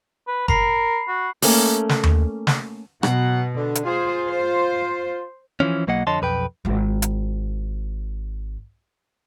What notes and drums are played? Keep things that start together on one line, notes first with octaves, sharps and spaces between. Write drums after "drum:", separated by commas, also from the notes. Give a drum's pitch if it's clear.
B4
A#4 B5 C7, drum: kick F#1
F#4
A3 A#3 C#4, drum: open hi-hat
drum: snare
drum: tom D#2
drum: snare
B2 F#3 F#5, drum: rim click
D3
drum: hi-hat
F4 G#4 C5
C5
E3 F3 C#4
B1 F#3 A#3 D#5 F#5
F2 D3 C#5 D#5 A5 C6
B1 F2 B4 G5
G#1 F4
drum: hi-hat